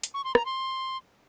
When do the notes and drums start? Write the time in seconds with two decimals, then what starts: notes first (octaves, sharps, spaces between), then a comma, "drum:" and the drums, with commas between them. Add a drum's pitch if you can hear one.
0.04 drum: hi-hat
0.14 C#6
0.24 C6
0.35 A#5, drum: rim click
0.45 C6